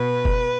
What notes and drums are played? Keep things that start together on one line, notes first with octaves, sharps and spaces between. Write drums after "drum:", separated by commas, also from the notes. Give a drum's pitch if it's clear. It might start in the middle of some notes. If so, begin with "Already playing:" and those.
Already playing: B2 B4
drum: kick F#1